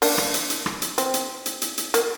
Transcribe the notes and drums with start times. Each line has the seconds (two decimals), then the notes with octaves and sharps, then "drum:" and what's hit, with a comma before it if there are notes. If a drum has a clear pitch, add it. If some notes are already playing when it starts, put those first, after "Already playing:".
0.02 A#3 D4, drum: open hi-hat
0.18 drum: rim click
0.34 drum: hi-hat
0.50 drum: hi-hat
0.66 drum: rim click
0.82 drum: hi-hat
0.98 C4, drum: hi-hat
1.14 drum: hi-hat
1.46 drum: hi-hat
1.62 drum: hi-hat
1.78 drum: hi-hat
1.94 A#3, drum: hi-hat